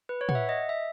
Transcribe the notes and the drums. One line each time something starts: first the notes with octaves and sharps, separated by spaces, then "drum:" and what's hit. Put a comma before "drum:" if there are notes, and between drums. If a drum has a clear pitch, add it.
B4
C#5
F#5, drum: tom
E5
D#5
E5